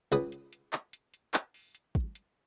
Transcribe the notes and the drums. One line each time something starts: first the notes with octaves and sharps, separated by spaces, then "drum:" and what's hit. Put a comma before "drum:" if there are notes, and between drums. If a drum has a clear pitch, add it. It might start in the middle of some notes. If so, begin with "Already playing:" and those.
C#2 G#4 B4 D#6, drum: hi-hat
drum: hi-hat
drum: hi-hat
drum: clap
drum: hi-hat
drum: hi-hat
drum: clap
drum: open hi-hat
drum: hi-hat
drum: kick
drum: hi-hat